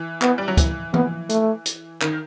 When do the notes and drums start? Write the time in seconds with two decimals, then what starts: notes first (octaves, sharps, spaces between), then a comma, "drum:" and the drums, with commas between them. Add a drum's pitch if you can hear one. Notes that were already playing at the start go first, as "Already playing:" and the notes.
Already playing: E3
0.22 B3, drum: clap
0.38 G3
0.48 F#3
0.57 E3, drum: kick, hi-hat
0.94 B3, drum: tom E3
1.29 A3, drum: hi-hat
1.66 drum: hi-hat
2.01 D#3, drum: clap